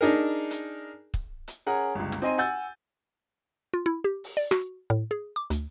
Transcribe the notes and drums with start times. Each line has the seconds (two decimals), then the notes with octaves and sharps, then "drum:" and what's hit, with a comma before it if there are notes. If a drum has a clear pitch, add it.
0.01 D4 D#4 G#4 A#4
0.51 drum: hi-hat
1.14 drum: kick
1.48 drum: hi-hat
1.66 C#4 G#4 A#4 F#5
1.95 G1 C#2
2.12 drum: snare
2.22 C4 D#4 D#5 G#5 C6 D#7
2.38 F#5 G#5 E6 G6 A6
3.74 F4
3.86 E4
4.04 G4
4.24 drum: open hi-hat
4.37 D5
4.51 F#4, drum: rim click
4.90 A2
5.11 G#4
5.36 D6
5.50 D2, drum: hi-hat